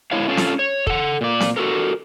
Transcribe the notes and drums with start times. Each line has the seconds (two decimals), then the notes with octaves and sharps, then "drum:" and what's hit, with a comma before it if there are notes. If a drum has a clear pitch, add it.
0.11 G#2 D3 E4 C#5 F5
0.28 C#4 F4 A4 F5
0.37 drum: snare C4
0.59 C#5
0.87 A4 F#5, drum: kick
1.21 A#2 D5
1.40 drum: snare C4
1.56 F#4 A4 A#4